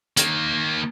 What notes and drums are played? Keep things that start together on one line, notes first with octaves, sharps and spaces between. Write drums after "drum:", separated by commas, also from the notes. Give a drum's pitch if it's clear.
D#3 A#3, drum: hi-hat